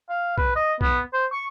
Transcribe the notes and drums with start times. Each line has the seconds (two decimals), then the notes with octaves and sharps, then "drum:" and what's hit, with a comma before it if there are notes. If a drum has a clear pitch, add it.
0.10 F5
0.38 B4, drum: kick B1
0.56 D#5
0.81 B3, drum: kick B1
1.13 C5
1.32 C#6